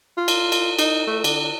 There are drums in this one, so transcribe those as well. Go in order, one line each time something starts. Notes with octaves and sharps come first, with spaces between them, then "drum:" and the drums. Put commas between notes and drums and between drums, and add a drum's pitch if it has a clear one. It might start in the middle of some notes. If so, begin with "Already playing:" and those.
F4
drum: cymbal
drum: cymbal
D#4, drum: cymbal
A3
D3, drum: cymbal